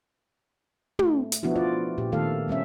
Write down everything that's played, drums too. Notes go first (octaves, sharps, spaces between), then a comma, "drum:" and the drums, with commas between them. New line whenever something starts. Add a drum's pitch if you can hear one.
A3, drum: tom
drum: hi-hat
F3 B3 D4 E4 F#4
F4 D5
A#2 G4
D#3 A3 B3 A4 F5
G3 C4 C#4 E5